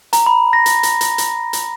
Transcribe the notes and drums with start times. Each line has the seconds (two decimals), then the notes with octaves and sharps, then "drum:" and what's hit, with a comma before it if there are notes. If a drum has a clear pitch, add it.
0.13 A#5, drum: hi-hat
0.26 B5
0.53 A#6
0.66 drum: hi-hat
0.83 drum: hi-hat
1.01 drum: hi-hat
1.18 drum: hi-hat
1.53 drum: hi-hat